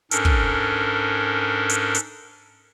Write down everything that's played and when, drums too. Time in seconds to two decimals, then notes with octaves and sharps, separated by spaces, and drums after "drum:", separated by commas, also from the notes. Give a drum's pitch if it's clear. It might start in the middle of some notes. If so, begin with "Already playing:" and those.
0.11 G#2 C#4 D4 A4 A#4, drum: hi-hat
0.25 drum: kick
1.69 drum: hi-hat
1.95 drum: hi-hat